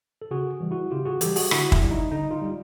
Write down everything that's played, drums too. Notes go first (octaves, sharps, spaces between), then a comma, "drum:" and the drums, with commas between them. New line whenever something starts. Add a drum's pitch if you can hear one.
A4
C#3 F#4 G#4
E3 G3
E4 F#4
C#3 F4 G4
F#4 G#4
E3 G3 G4 A4, drum: hi-hat
F#4 G#4, drum: open hi-hat
D3 E4 F#4, drum: rim click
E4, drum: kick
G3
D#4
D3 D#4
D#4 F4
G3